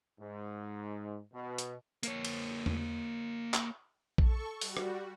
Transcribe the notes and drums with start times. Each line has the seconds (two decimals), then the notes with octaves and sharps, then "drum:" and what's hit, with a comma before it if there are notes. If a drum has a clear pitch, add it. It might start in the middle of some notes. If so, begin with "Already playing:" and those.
0.20 G#2
1.34 B2
1.58 drum: hi-hat
2.03 A#3 C#5, drum: hi-hat
2.25 drum: cymbal
2.66 drum: tom E2
3.54 drum: clap
4.18 A4 C#6, drum: kick A#1
4.61 G3 F#4, drum: open hi-hat
4.77 drum: rim click